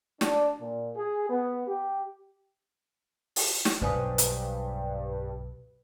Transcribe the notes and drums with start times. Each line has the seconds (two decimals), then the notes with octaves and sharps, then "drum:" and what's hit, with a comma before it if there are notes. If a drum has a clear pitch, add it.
0.21 D4, drum: snare
0.60 A#2
0.96 G#4
1.30 B3
1.67 G4
3.36 drum: open hi-hat
3.65 drum: snare
3.82 B1 G2 B4 C5 G#5 D#6
4.18 drum: hi-hat